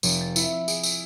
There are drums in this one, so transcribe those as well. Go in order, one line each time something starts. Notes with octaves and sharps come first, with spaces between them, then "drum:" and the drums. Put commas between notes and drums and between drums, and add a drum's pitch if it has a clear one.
F1, drum: tambourine
A6
E4, drum: tambourine
E6
G#4, drum: tambourine
E6, drum: tambourine